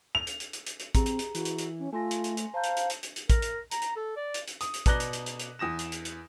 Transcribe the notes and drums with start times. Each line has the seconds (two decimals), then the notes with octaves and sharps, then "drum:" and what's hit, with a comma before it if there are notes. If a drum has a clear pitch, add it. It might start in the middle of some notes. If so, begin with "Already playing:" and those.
0.15 F7
0.27 drum: hi-hat
0.40 drum: hi-hat
0.53 drum: hi-hat
0.67 drum: hi-hat
0.80 drum: hi-hat
0.95 C4 G4 G#4 A#5, drum: kick A1, hi-hat
1.06 drum: hi-hat
1.19 drum: hi-hat
1.35 E3 F#4, drum: hi-hat
1.45 drum: hi-hat
1.58 drum: hi-hat
1.79 C#4
1.93 A3 F4 G#5 C6 A#6
2.11 drum: hi-hat
2.24 drum: hi-hat
2.37 drum: hi-hat
2.54 C5 F5 A5 A#5 G6
2.64 drum: hi-hat
2.77 drum: hi-hat
2.90 drum: hi-hat
3.03 drum: hi-hat
3.16 drum: hi-hat
3.30 A#4, drum: kick A1, hi-hat
3.42 drum: hi-hat
3.71 A#5, drum: hi-hat
3.82 drum: hi-hat
3.96 A4
4.16 D5
4.34 drum: hi-hat
4.48 drum: hi-hat
4.61 D#6, drum: hi-hat
4.74 drum: hi-hat
4.86 B2 D5 A#5 F#6 A#6 G7, drum: kick A1, hi-hat
5.00 drum: hi-hat
5.13 drum: hi-hat
5.26 drum: hi-hat
5.40 drum: hi-hat
5.59 E2 D#6 A#6 E7
5.79 drum: hi-hat
5.92 drum: hi-hat
6.05 drum: hi-hat